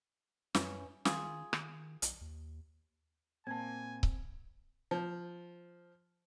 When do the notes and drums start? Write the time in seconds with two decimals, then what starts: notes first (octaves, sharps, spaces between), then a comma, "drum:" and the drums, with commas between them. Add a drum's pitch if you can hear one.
0.55 F#2 E3 C#4, drum: snare
1.05 D#3 F4 G#4, drum: snare
1.53 D#3, drum: rim click
2.02 B1, drum: hi-hat
2.21 D#2
3.47 A#2 A#3 C4 G#5 A5 G#6
4.03 drum: kick C#1
4.91 F3